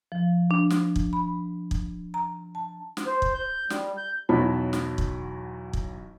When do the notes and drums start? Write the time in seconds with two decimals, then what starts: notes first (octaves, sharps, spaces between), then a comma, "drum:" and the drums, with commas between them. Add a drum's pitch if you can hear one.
0.12 F3
0.51 D4
0.70 drum: snare
0.96 drum: kick
1.13 B5
1.71 drum: kick
2.14 A#5
2.55 A5
2.97 drum: snare
3.06 C5
3.22 drum: kick
3.34 G6
3.70 G3, drum: snare
3.97 G6
4.29 B1 E2 F#3 A5 B5
4.73 drum: snare
4.98 drum: kick
5.73 drum: kick